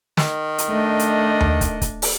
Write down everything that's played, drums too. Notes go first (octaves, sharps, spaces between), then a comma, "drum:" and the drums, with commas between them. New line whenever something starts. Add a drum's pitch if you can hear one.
D#3, drum: snare
drum: hi-hat
A3 D4 D#5
drum: hi-hat
drum: tom D#2
drum: kick, hi-hat
drum: kick, hi-hat
drum: open hi-hat